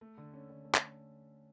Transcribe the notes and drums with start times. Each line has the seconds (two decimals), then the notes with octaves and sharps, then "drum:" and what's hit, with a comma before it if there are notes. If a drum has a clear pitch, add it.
0.01 A3
0.18 D3
0.34 C#4
0.50 D3
0.65 A3
0.75 drum: clap